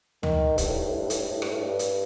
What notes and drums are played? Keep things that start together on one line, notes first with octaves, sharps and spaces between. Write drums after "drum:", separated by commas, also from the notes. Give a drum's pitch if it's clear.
D#3, drum: tom D2
G2, drum: kick, hi-hat
A2
G2
A2
G2
A2, drum: hi-hat
G2
A2
G2, drum: rim click
A2
G2
drum: hi-hat